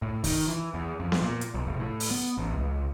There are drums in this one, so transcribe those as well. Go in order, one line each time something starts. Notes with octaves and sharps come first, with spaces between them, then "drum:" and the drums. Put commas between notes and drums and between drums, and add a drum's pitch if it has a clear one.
A2
D#3, drum: kick, open hi-hat
E3
E2
F2
drum: snare B3
A#2
drum: hi-hat
B1
F1
A2
drum: open hi-hat
B3
A1
C#2